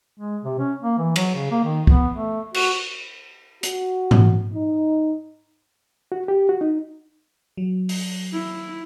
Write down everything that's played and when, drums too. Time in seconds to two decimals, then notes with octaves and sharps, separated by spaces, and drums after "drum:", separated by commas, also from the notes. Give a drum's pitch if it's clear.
0.20 G#3
0.44 C3
0.59 C#4
0.82 A#3
0.98 E3
1.16 F#3, drum: cymbal
1.35 C#3
1.51 A#3
1.64 D#3
1.87 B3, drum: kick
2.13 A3
2.54 F#4, drum: cymbal
3.63 F#4, drum: hi-hat
4.11 drum: tom G#2
4.54 D#4
6.12 F#4
6.28 G4
6.49 F#4
6.61 D#4
7.57 F#3
7.89 drum: open hi-hat
8.33 E4